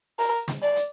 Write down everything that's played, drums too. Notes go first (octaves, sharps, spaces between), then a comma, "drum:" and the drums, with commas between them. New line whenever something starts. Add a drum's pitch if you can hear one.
A#4, drum: open hi-hat
drum: snare
D5
drum: hi-hat